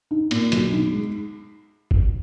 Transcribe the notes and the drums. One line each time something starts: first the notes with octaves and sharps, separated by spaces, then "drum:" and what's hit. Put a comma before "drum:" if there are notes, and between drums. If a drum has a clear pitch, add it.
D#4
A#2, drum: cymbal
B1, drum: hi-hat
D#4
G#3
drum: kick